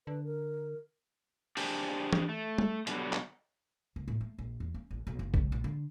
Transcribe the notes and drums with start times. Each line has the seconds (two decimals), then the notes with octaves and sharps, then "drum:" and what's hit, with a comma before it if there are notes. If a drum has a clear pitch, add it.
0.07 D3 B4
0.24 A#4
1.57 D4 G4 G#4 C5 D5, drum: open hi-hat
2.13 drum: tom E3
2.29 A3
2.58 drum: tom
2.87 B2 D3 D#3 F#3 G3, drum: hi-hat
3.13 drum: clap
3.96 C#2
4.08 A2
4.21 A3
4.38 A#1
4.60 E2
4.74 C#4
4.91 A1
5.07 B1
5.19 F#1
5.34 C#2, drum: kick B1
5.52 A#1
5.64 D3